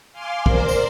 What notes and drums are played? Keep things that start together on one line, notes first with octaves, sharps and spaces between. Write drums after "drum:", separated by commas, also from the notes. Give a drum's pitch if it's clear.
F5 G#5 C6 D6
A#4 C5 D5, drum: kick
drum: tambourine